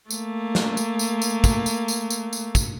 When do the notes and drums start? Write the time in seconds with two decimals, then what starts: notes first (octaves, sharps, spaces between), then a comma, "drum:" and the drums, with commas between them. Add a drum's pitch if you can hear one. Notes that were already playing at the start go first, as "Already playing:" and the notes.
0.10 A3 A#3, drum: tambourine
0.55 drum: snare
0.77 drum: tambourine
0.99 drum: tambourine
1.22 drum: tambourine
1.44 drum: kick, tambourine
1.66 drum: tambourine
1.88 drum: tambourine
2.10 drum: tambourine
2.33 drum: tambourine
2.55 drum: kick, tambourine